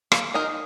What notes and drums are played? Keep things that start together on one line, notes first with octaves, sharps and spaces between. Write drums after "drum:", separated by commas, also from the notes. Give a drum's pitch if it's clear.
A#3, drum: rim click
D#4 A#4 D#5